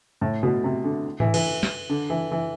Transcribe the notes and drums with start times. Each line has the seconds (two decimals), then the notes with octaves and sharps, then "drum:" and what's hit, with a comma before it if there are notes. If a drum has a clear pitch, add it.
0.21 A2
0.43 B2
0.64 C3
0.84 D3
1.20 E3, drum: tom G#2
1.34 E3, drum: cymbal
1.63 drum: snare
1.89 D3
2.10 E3
2.31 E3